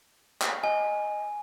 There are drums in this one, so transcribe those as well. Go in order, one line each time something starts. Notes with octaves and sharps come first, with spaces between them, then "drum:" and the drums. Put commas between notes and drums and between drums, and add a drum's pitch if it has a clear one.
drum: clap
D#5 G#5